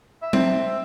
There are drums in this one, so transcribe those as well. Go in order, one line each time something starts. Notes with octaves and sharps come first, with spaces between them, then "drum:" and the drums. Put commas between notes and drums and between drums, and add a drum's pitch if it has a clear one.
E5
C4, drum: tom F#3